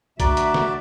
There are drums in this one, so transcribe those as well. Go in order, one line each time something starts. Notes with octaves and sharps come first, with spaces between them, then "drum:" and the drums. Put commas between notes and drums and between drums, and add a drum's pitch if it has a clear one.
D2 F#4 D5 E5 A#5, drum: kick, hi-hat
drum: hi-hat
drum: snare